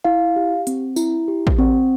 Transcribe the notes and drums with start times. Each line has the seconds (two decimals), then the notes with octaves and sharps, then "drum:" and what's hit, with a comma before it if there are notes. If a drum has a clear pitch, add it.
0.04 E4 F5
0.36 G4
0.67 C4, drum: hi-hat
0.96 E4, drum: tambourine
1.28 G4
1.47 drum: kick
1.58 C4